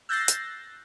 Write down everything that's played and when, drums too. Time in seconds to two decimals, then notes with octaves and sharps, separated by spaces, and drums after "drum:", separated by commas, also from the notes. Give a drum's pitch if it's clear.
0.09 E6 F#6 G6 A6 A#6 C7
0.28 drum: hi-hat